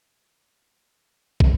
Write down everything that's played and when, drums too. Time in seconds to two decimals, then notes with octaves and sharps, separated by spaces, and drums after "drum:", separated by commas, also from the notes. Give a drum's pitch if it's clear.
0.20 F4 A4
1.40 drum: kick